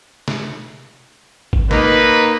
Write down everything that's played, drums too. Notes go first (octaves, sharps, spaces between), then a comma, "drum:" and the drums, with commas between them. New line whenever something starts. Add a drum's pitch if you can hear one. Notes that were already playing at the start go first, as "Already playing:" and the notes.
drum: snare
drum: kick G#1
A#3 D#4 B4, drum: snare